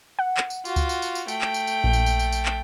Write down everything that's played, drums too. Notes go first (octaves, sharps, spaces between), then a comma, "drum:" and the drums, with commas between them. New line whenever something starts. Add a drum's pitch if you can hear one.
F#5
drum: clap
drum: tambourine
F4 F#4, drum: tambourine
drum: kick C#2, tambourine
drum: tambourine
drum: tambourine
drum: tambourine
A3 G5, drum: tambourine
drum: clap
drum: tambourine
drum: tambourine
A#1
drum: tambourine
drum: tambourine
drum: tambourine
drum: tambourine
drum: clap